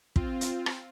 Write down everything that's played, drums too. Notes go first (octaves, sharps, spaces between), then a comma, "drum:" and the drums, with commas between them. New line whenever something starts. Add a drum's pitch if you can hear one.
C4 F4, drum: kick
drum: hi-hat
drum: rim click